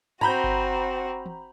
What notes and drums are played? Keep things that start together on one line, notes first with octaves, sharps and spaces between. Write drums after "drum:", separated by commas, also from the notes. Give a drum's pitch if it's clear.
C4 F#4 A#5 B5 G6, drum: tom G2
drum: kick G1
drum: tom